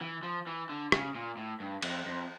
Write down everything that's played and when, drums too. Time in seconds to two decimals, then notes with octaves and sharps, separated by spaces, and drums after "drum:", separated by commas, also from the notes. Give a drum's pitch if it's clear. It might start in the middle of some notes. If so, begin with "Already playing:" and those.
0.01 E3
0.23 F3
0.47 E3
0.69 D3
0.92 C#3, drum: rim click
1.15 A#2
1.37 A2
1.60 G2
1.82 F2, drum: cymbal
2.06 F2